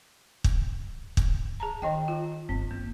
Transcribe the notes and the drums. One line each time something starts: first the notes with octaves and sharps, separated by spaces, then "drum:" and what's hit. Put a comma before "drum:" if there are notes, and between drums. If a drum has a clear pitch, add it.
drum: kick
drum: kick
G#4 A5 A#5
D#3 D#4 D#5 G5
F4
G1 D3 C4
D1 A#3 E4